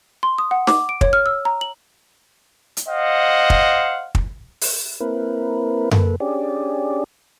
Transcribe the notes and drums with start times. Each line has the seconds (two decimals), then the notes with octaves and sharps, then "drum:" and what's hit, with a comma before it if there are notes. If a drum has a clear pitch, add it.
0.23 C6
0.38 D#6
0.51 F#5
0.67 D6, drum: snare
0.89 D7
1.01 C#5, drum: kick
1.13 F6
1.26 E6
1.45 A#5
1.61 F#7
2.77 drum: hi-hat
2.89 C5 D#5 F5 F#5
3.50 drum: kick
4.15 drum: kick
4.61 drum: open hi-hat
5.00 A#3 C4 E4 A#4 B4
5.91 A#3 A4 B4, drum: tom F#2
6.20 C#4 D4 G4 G#4 D5